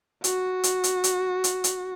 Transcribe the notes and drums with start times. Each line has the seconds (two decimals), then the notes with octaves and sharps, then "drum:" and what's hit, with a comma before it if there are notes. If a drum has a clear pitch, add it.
0.24 F#4, drum: hi-hat
0.64 drum: hi-hat
0.84 drum: hi-hat
1.04 drum: hi-hat
1.44 drum: hi-hat
1.64 drum: hi-hat